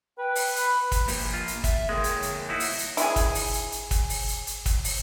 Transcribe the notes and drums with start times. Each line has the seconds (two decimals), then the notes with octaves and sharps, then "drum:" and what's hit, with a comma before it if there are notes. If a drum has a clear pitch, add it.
0.18 B4 G5
0.35 drum: open hi-hat
0.56 B5, drum: hi-hat
0.92 drum: kick, hi-hat
1.08 F3 A#3 G4, drum: open hi-hat
1.34 F4
1.48 drum: hi-hat
1.64 E5, drum: kick, hi-hat
1.89 G#3 A#3 A#4 C#5
2.04 drum: hi-hat
2.22 drum: hi-hat
2.49 D#4 E4 F#4
2.60 drum: open hi-hat
2.79 drum: hi-hat
2.97 E4 G#4, drum: hi-hat
3.16 drum: kick, hi-hat
3.35 drum: open hi-hat
3.53 drum: hi-hat
3.72 drum: hi-hat
3.91 drum: kick, hi-hat
4.09 drum: open hi-hat
4.28 drum: hi-hat
4.47 drum: hi-hat
4.66 drum: kick, hi-hat
4.84 drum: open hi-hat